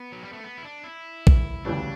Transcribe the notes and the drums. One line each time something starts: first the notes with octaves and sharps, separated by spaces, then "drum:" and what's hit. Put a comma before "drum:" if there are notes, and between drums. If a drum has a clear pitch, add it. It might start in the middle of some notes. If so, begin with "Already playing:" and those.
Already playing: B3
F#3
G3
A3
B3
E4
D4
E4
drum: kick A#1
D2 C#3 E3 G3 C#4 D4